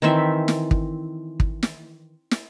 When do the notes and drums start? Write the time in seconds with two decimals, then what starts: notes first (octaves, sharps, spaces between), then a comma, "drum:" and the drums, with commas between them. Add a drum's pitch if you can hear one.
0.02 D#3 E3 C4 E5
0.48 drum: snare
0.71 drum: kick
1.40 drum: kick
1.63 drum: snare
2.31 drum: snare